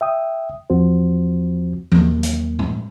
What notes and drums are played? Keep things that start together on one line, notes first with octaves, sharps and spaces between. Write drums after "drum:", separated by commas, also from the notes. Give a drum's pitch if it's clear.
E5 G5 D#6
E2 F3 C4 F#4 C5
D#2 F#3 A#3, drum: tom E3
drum: hi-hat
drum: tom G#2